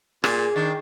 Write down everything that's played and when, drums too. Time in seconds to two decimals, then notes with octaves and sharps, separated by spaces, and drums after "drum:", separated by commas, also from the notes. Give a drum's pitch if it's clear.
0.24 A#2 G#4, drum: rim click
0.56 D#3 D4